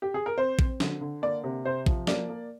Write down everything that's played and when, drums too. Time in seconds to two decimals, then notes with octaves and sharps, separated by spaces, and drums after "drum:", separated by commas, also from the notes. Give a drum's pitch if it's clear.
0.02 G4
0.14 G#4
0.26 A#4
0.38 C4 C5
0.59 C4, drum: kick A#1
0.80 D3, drum: snare
1.01 D3
1.22 A#3 D5
1.44 C3
1.65 C3 C5
1.86 F3, drum: kick A#1
2.07 A#3 D5, drum: snare
2.29 A#3